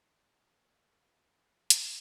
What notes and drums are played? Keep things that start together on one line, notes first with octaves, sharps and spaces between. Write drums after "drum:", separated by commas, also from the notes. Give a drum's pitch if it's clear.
A#3 F4 G#4 A#5
C6
drum: hi-hat